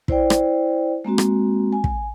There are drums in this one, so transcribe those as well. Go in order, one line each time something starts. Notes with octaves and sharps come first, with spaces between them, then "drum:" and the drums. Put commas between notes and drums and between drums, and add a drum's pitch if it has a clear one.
E4 C5 D5 G5, drum: kick
drum: rim click
G#3 A#3 C4 F#4
drum: rim click
G#5
drum: kick